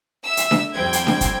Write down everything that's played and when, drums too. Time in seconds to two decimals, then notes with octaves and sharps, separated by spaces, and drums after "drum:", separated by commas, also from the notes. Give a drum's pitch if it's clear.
0.23 E5 E6
0.37 drum: hi-hat
0.51 drum: snare D4
0.74 F2 G3 C4 G5 G#6
0.93 drum: hi-hat
1.07 drum: snare D4
1.21 drum: kick, hi-hat